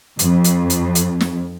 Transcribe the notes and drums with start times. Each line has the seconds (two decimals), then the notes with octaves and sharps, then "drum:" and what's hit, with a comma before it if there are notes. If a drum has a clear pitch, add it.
0.19 F2, drum: hi-hat
0.44 drum: hi-hat
0.70 drum: hi-hat
0.95 drum: hi-hat
1.21 drum: snare